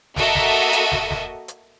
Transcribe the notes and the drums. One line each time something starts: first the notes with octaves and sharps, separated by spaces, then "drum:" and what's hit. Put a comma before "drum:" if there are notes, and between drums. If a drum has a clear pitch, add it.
A#3 F#4 A4 A#4 D#5 E5, drum: snare
drum: snare
drum: hi-hat
drum: snare
drum: snare
drum: hi-hat